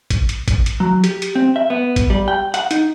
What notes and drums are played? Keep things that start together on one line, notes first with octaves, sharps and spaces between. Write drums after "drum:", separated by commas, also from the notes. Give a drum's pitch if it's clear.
drum: kick, hi-hat
drum: hi-hat
drum: kick, hi-hat
drum: hi-hat
F#3
G4, drum: hi-hat
drum: hi-hat
C4
E5
B3
drum: kick, hi-hat
G3
G5
F#5, drum: hi-hat
D#4, drum: hi-hat